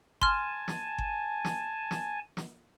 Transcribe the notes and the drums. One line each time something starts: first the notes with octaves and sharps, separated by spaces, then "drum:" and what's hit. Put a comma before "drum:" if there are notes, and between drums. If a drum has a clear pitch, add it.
G#5 A5 C6 F6, drum: kick G1
drum: snare
drum: kick G1
drum: snare
drum: snare
drum: snare